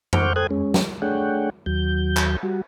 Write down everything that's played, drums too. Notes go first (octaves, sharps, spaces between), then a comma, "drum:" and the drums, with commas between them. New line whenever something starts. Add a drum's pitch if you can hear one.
C5 F#5 C#6 D6 F6 G6, drum: tom F2
A4 C5 G5 D#6 F#6 G#6
G#3 C#4
drum: snare
A3 D4 G#4 C#5 F#5 G5
D#2 F#3 G6
drum: clap
G3 F#4